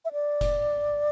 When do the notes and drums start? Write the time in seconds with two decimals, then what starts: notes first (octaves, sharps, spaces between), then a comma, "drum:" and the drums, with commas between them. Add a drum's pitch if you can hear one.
0.05 E5
0.12 D5
0.41 drum: kick F1, hi-hat